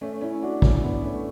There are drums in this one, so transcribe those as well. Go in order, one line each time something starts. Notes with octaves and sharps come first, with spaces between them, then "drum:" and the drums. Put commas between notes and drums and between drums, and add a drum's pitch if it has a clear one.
A3 C#4
C#4 E4
D4 F#4
C#4 E4, drum: kick
B3 D4
A3 C#4